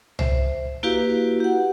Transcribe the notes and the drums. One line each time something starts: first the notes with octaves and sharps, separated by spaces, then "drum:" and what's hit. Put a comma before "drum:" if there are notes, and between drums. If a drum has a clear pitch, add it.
C5 E5, drum: tom C2
A#3 E4 F#4 G4 B4 F5
G4 F#5